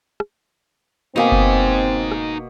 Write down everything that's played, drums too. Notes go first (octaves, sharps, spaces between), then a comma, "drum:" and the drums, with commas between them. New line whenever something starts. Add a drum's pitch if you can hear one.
drum: rim click
B2 A#3 C4 D#4 G#5
drum: kick F#1
drum: rim click